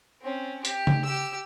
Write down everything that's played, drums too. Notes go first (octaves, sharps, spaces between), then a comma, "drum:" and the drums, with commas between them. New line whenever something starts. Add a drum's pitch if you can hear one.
C4 C#4
G4, drum: hi-hat
drum: tom C#3
G4 E6